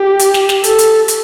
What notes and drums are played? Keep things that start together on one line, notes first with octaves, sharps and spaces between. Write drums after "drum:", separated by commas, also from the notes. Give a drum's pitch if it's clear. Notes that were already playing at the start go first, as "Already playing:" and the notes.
Already playing: G4
drum: hi-hat
drum: snare
drum: snare
A4, drum: hi-hat
drum: hi-hat
drum: hi-hat